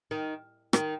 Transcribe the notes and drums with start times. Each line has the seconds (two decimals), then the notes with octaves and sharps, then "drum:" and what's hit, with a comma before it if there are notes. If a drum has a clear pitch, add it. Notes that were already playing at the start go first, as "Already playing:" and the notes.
0.11 D#3
0.73 D#3, drum: rim click